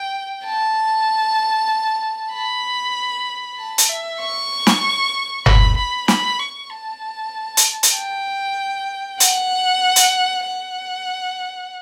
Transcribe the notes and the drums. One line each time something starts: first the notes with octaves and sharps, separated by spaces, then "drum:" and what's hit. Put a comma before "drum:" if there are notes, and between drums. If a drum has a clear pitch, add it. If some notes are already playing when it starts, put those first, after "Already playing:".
Already playing: G5
A5
B5
A5
drum: hi-hat
E5
C#6
drum: snare
B5, drum: tom F#1
B5
B5, drum: snare
C#6
A5
drum: hi-hat
drum: hi-hat
G5
F#5, drum: hi-hat
drum: hi-hat
F#5